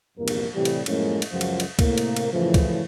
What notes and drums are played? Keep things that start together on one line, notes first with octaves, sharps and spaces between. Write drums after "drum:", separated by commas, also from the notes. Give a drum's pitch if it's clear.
A#1 E2 G2 C3 A#3 A#4
drum: cymbal
A2 C3 E3 G3
drum: cymbal
F#2 A2 F3 G#3 A#3 C#4, drum: cymbal
drum: cymbal
C#2 F#2 F3 F#3 F4 F#4
drum: cymbal
drum: cymbal
A2 C3 A#3, drum: kick C#2, cymbal
drum: cymbal
drum: cymbal
F#2 A2 C#3 E3 F3
drum: kick C#2, cymbal